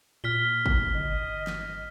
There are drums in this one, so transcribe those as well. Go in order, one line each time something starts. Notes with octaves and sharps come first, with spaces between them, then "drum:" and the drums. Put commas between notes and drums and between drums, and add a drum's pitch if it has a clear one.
A#2 F6 B6 G7
drum: kick
G1 D#5
drum: snare